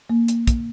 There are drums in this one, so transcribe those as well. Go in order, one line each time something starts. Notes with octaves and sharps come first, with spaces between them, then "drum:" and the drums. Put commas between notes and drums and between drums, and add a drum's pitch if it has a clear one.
A#3
drum: hi-hat
drum: kick, hi-hat